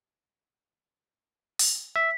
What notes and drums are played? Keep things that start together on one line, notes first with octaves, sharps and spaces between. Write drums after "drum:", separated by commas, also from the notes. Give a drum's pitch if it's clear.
drum: open hi-hat
E5 B6